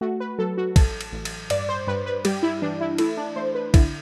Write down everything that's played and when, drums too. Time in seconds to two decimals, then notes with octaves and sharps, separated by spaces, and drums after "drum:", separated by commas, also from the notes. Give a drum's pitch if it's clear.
0.01 A3 F#4
0.20 B4
0.39 F#3 A4
0.58 F#4
0.76 A1 A4, drum: kick, cymbal
1.01 drum: cymbal
1.12 A1
1.25 drum: cymbal
1.50 G2 D5, drum: cymbal
1.69 C5
1.87 G2 B4
2.06 B4
2.25 G3 G4, drum: cymbal
2.43 E4
2.62 E3 D4
2.81 E4
2.98 A3 E4, drum: cymbal
3.17 D4
3.36 A3 C5
3.55 B4
3.74 D3 E4, drum: kick, cymbal